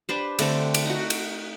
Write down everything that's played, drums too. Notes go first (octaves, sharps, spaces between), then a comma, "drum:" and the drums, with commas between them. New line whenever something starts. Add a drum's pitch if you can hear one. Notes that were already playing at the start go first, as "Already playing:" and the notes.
D4 G4 B4 C5
D3 A3 C4 A4, drum: cymbal
drum: cymbal
D#4 F#4
drum: cymbal